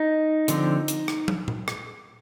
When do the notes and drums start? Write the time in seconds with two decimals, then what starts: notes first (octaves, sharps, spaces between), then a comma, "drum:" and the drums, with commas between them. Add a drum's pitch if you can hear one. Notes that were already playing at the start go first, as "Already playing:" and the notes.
Already playing: D#4
0.48 D3 F3 C4, drum: hi-hat
0.88 drum: hi-hat
1.08 drum: rim click
1.28 drum: tom
1.48 drum: tom A#2
1.68 drum: rim click